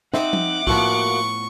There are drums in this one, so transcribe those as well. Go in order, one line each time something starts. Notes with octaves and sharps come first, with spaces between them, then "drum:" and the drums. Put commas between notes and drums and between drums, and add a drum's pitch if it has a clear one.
C4 D#4 E5 F#5 D6, drum: snare
drum: tom F3
A2 F3 A#3 B3 F#4 C#6, drum: kick